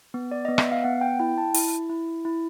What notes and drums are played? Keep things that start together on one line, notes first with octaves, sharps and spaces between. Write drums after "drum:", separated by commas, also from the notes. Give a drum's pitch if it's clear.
B3
D5
B3 D#5
E5, drum: rim click
F5
B3 F#5
G5
E4 G5
A5
E4, drum: open hi-hat
E4
E4